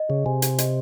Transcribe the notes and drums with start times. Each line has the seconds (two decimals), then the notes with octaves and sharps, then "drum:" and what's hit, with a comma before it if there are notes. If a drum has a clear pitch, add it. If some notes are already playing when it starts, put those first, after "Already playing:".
Already playing: D#5
0.09 C#3 G#4
0.26 C3 G#5
0.42 C5, drum: hi-hat
0.58 D#5, drum: hi-hat